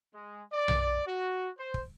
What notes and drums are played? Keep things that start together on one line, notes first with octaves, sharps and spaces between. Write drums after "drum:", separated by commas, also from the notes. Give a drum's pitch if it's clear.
G#3
D5
drum: tom B1
F#4
C5
drum: kick